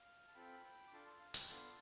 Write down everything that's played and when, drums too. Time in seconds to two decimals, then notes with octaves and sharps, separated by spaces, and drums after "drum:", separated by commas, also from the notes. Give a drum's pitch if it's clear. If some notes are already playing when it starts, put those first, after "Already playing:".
Already playing: F5
0.28 A5
0.35 C4 F4 A4 G5 B5
0.88 D6
0.92 D4 F4 A4 A5 C6
1.06 A5 C6
1.20 F5 A5
1.34 G5 B5, drum: hi-hat
1.48 B3 D4 F4 A4 A5 C6